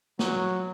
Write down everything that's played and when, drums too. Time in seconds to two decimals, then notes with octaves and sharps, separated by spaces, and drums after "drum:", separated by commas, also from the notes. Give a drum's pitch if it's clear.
0.19 F#3, drum: snare